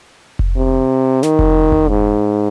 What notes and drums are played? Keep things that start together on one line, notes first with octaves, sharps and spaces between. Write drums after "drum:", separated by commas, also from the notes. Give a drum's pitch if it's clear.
drum: kick F1
C3
D#3, drum: snare
drum: kick F1
drum: kick F1
G#2